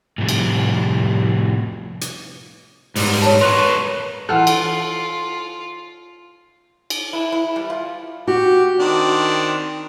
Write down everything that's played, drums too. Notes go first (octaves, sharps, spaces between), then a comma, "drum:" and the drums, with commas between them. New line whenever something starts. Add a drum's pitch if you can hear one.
A2 C3 F3 G3 A3
drum: cymbal
drum: hi-hat
G#2 G3, drum: open hi-hat
C#5 A5
A#4 B4 C#5 C6 F#6
E3 F4 A4 F#5 F6
drum: cymbal
drum: cymbal
E4
E4
G3
F4
F#4 G4
D#3 C4 D4